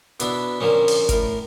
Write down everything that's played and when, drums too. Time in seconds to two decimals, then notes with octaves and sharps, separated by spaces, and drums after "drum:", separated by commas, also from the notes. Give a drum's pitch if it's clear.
0.20 B2 B3 D4 E4 B5, drum: hi-hat
0.60 A#2 D3 F3 A#3 C#4
0.88 drum: open hi-hat
1.09 A2 A#4, drum: kick G1, hi-hat